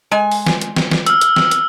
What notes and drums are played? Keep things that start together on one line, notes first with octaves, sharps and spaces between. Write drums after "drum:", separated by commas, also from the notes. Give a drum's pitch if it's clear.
G#3 G#5
drum: open hi-hat
drum: snare
drum: hi-hat
drum: snare
drum: snare
E6 F6, drum: hi-hat
drum: hi-hat
drum: snare
drum: hi-hat